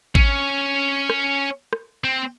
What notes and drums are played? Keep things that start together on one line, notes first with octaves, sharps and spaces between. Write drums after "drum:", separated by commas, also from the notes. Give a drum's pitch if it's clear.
C#4, drum: kick
drum: rim click
drum: rim click
C4